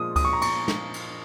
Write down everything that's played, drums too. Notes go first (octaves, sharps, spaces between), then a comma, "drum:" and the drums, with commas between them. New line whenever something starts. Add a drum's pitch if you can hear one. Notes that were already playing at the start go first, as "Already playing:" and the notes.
Already playing: A#2 F3 G#3 D#6
D#6, drum: kick C#2, cymbal
C#6
A#5
C#6, drum: cymbal
drum: snare
drum: cymbal